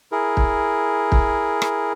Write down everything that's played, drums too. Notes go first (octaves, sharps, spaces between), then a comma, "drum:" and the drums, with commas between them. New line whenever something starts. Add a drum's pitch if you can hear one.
E4 G#4 A#4
drum: kick
drum: kick
drum: rim click